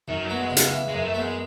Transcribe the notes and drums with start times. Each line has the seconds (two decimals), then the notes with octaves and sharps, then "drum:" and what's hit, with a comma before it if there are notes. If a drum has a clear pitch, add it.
0.08 F#2 D#3
0.24 F#3
0.30 B3
0.40 G#3
0.50 C#3
0.57 G#3, drum: hi-hat
0.72 E3
0.88 F#2 G#3
1.04 A3
1.14 G#3 B3